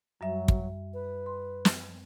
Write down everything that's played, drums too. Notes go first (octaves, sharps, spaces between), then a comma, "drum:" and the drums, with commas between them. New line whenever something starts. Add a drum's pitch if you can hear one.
F#2 F#3 G3 E5
drum: kick
B4
C6
drum: snare